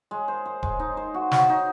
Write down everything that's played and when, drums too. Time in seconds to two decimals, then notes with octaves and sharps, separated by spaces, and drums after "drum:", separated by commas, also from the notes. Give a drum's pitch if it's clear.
0.11 G#3
0.28 C5
0.46 C5
0.63 G#3, drum: kick D#1
0.80 D#4
0.97 C5
1.14 F#4
1.31 F#4, drum: snare
1.49 D#4